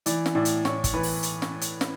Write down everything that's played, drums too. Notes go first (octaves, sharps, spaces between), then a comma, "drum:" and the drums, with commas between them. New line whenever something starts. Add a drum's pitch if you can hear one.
E3 D5, drum: hi-hat
drum: snare
A2 D5
drum: hi-hat
A2 C#5, drum: snare
drum: kick, hi-hat
E3 B4
drum: open hi-hat
drum: hi-hat
drum: snare
drum: hi-hat
drum: snare